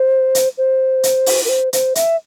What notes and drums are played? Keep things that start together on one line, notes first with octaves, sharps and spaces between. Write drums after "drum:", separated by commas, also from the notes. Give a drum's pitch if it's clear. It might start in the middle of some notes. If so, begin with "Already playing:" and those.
Already playing: C5
drum: hi-hat
C5
drum: hi-hat
drum: open hi-hat
A#4
C5
C5, drum: hi-hat
E5, drum: hi-hat